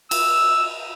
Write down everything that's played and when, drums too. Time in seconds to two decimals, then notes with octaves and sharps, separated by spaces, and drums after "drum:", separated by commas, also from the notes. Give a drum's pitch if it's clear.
0.11 E6, drum: cymbal